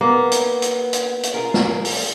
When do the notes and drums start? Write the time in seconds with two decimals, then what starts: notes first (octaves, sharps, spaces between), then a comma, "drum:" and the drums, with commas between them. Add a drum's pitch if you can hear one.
0.01 A#3 B3
0.32 drum: hi-hat
0.62 drum: hi-hat
0.93 drum: hi-hat
1.23 drum: hi-hat
1.34 F4 G#4 A#4
1.54 drum: snare
1.85 drum: open hi-hat